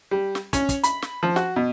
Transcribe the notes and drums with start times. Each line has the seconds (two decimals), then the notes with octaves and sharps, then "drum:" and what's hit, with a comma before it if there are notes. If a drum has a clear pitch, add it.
0.11 G3
0.35 drum: snare
0.53 C#4, drum: kick, hi-hat
0.69 drum: kick, hi-hat
0.84 B5, drum: hi-hat
1.02 drum: snare
1.23 F3
1.36 F#4, drum: snare
1.56 B2